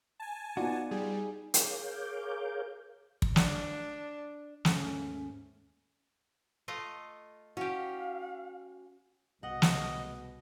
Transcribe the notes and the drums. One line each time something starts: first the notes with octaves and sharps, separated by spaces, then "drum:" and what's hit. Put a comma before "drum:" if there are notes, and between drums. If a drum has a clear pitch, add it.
G#5 A5
B3 D#4 F4 F#4 D5
G3 G#4
G#4 A#4 C#5 F5 D6 G6, drum: hi-hat
drum: kick
D4, drum: snare
D#2 G#2 A3 C#4, drum: snare
A3 F4 D#5
C#4 F#4 G4 F5
C2 B2 D#5 F#5
drum: snare